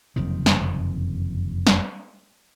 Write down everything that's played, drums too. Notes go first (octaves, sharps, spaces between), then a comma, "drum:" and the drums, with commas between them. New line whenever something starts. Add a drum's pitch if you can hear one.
F#1 F2 C3 D#3
drum: snare
drum: snare